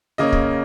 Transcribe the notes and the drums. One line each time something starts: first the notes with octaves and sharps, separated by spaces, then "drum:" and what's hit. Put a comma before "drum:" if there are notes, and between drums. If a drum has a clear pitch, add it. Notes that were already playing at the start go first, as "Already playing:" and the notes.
C#3 A#3 C#4 D#5
drum: kick